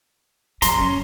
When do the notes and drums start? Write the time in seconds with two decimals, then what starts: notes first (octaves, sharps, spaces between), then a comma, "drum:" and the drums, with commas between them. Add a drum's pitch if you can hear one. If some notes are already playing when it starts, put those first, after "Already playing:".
0.62 F#1 F#3 A#5 C6, drum: hi-hat
0.78 C#4